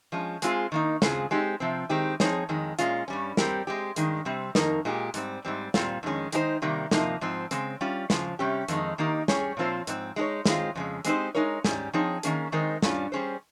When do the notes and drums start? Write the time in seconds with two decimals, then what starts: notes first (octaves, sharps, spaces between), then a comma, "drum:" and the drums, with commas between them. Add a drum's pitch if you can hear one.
0.12 F3 G#3 C#4
0.42 G#3 C4 F4 G#4, drum: hi-hat
0.72 D#3 A#3 D#4
1.02 C#3 G#3 C4 F4 G#4, drum: snare
1.31 G#3 C4 D#4 G4
1.60 C3 F3 C4
1.89 D#3 G#3 C4 D#4 G4
2.20 F3 C4 D#4 G#4 C#5, drum: snare
2.49 F2 D#3 G#3
2.79 A#2 G#3 C#4 F4, drum: hi-hat
3.08 G2 G3 C#4
3.37 G3 C4 G4 A#4, drum: snare
3.67 G#3 C4 G4
3.96 G2 D#3 G#3, drum: hi-hat
4.25 C3 G3 C4
4.55 F2 D#3 A#3 D#4 A#4, drum: snare
4.85 A#2 G#3 D#4 G4
5.14 G#2 G3 C4, drum: hi-hat
5.45 G#2 G3 C4
5.74 A#2 G3 C4 F4, drum: snare
6.03 F2 D#3 G#3 C#4
6.32 D#3 G#3 D#4 G4 C5, drum: hi-hat
6.62 C3 D#3 G3 A#3
6.91 C3 F3 A#3 D#4, drum: snare
7.21 G#2 F3 C4
7.51 C#3 G#3 C4, drum: hi-hat
7.81 G3 C#4 F4
8.10 C#3 F3 G#3, drum: snare
8.39 C3 G3 C#4 G4
8.68 F2 D#3 G#3 D#4, drum: hi-hat
8.98 D#3 A#3 D#4 G4
9.28 G3 C#4 G#4 C#5, drum: snare
9.57 A#2 F3 C4 F4 C5
9.87 G#2 F3 C4, drum: hi-hat
10.16 G#3 D#4 G#4 C#5
10.46 D#3 G#3 C4 F4, drum: snare
10.75 F2 C#3 G#3
11.05 G#3 C4 D#4 G4 C5, drum: hi-hat
11.35 G#3 D#4 A#4 C#5
11.64 G#2 G3 C#4, drum: snare
11.93 F3 C4 D#4 G#4 C#5
12.23 D#3 A#3 C#4 G#4, drum: hi-hat
12.52 D#3 G#3 C4 D#4 A#4
12.82 G2 G3 C#4 F4, drum: snare
13.12 G3 C#4 G#4 C5